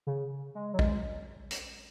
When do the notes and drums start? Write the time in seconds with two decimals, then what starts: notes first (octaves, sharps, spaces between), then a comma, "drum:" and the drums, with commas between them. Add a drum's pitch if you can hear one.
0.07 C#3
0.55 G#3
0.74 F#3
0.79 G#3, drum: kick
1.51 drum: hi-hat